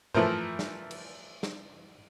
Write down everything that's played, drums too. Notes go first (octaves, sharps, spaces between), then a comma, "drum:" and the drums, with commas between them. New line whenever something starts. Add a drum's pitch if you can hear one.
E3 F3 A3 A#4 C5, drum: tom G#2
drum: snare
drum: cymbal
drum: snare